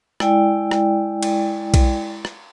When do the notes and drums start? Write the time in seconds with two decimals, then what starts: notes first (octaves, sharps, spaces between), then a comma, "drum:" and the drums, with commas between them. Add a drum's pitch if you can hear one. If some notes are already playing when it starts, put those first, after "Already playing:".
0.20 G#3 E4 D5 G5, drum: rim click
0.71 drum: rim click
1.23 drum: cymbal
1.74 drum: kick B1, cymbal
2.25 drum: rim click